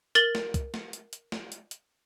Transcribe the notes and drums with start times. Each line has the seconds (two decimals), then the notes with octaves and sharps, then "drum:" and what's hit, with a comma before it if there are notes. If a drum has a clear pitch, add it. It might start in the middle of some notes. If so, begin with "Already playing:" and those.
0.15 A#4 A6 F#7 G7, drum: hi-hat
0.35 drum: snare
0.54 drum: kick, hi-hat
0.74 drum: snare
0.93 drum: hi-hat
1.13 drum: hi-hat
1.32 drum: snare
1.52 drum: hi-hat
1.71 drum: hi-hat